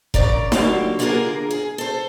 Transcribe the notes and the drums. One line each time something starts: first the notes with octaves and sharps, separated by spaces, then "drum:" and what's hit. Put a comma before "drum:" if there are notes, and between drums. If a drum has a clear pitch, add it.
A#2 C#3 D5 A#5, drum: kick F1
D3 F#3 A#3 F4 G4, drum: snare D#4
D3 A#3 D4 F4 G#4 A#4
G#4
A4 C5